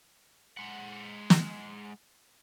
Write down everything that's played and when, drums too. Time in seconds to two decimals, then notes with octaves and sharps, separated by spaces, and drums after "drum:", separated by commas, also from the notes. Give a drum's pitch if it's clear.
0.57 G#3 F#5
1.30 drum: snare